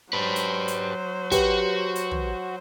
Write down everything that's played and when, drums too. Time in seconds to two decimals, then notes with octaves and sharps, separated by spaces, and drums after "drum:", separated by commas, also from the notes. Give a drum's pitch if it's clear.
0.13 F#3 G4 B4 C5
0.36 drum: hi-hat
0.68 drum: hi-hat
1.32 F#4 G4 B4, drum: kick, hi-hat
1.95 drum: hi-hat
2.11 drum: tom